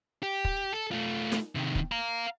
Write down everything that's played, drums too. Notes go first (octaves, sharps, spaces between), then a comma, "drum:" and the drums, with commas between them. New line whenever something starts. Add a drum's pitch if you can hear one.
G4
drum: kick
A4
A3 F4
drum: snare
C3 D#3
drum: kick
F5 A#5